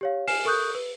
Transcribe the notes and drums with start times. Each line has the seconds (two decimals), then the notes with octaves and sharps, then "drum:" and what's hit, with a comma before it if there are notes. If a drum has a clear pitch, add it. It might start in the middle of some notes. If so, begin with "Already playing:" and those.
0.01 G4 C#5 F5
0.27 G#5 F6 C7 E7, drum: open hi-hat
0.45 A4 A#4 C#6 D#6 F#6 G6
0.75 B4